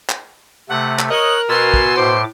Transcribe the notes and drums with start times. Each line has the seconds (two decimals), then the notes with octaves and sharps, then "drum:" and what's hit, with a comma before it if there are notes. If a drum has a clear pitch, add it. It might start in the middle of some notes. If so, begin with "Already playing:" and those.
0.09 drum: clap
0.69 C3 A3 F#5
0.99 drum: clap
1.10 A#4 C#5 D#5 F#6 F#7
1.49 B2 G#5 C6 E6 A6
1.74 drum: kick
1.97 A2 C5 D6